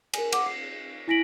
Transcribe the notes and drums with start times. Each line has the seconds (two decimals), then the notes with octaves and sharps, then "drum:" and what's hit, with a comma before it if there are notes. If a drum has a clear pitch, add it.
0.13 A#4 G#5, drum: cymbal
0.32 F#5 D6, drum: cymbal
0.46 C7
1.08 E4 G#5 A#6 B6 D7 F#7